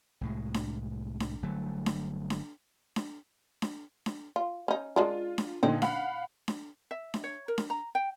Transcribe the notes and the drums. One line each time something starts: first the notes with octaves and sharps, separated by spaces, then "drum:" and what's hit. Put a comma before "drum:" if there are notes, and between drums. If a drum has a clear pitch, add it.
C2 A2 G#3
drum: snare D4
drum: snare D4
G1 D3 F#3 A3
drum: snare D4
drum: snare D4
drum: snare D4
drum: snare D4
drum: snare D4
F4
C#4 D#4
G#3 D4 F4 A#4
drum: snare D4
A#2 D3 C4 D#4
F5 F#5 B5, drum: snare D4
drum: snare D4
E5
drum: snare D4
C#5
A#4
drum: snare D4
A#5
G5